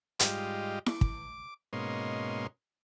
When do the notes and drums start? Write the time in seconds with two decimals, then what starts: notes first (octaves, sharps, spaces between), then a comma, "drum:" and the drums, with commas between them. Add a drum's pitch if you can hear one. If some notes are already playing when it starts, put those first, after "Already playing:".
0.19 G#2 G3 F4 G4 D#5, drum: hi-hat
0.86 D6, drum: snare E4
1.01 drum: kick
1.73 G#2 B2 A#3 C#4 D#5 C6